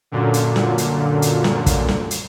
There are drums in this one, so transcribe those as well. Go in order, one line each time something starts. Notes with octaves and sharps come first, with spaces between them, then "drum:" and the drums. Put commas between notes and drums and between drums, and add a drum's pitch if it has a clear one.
F#2 A#2 D3
drum: hi-hat
drum: snare
drum: hi-hat
drum: hi-hat
drum: snare
drum: kick, hi-hat
drum: snare
drum: hi-hat